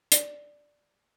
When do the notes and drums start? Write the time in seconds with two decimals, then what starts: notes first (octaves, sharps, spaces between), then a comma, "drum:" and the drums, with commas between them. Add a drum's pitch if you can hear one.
0.12 D5, drum: hi-hat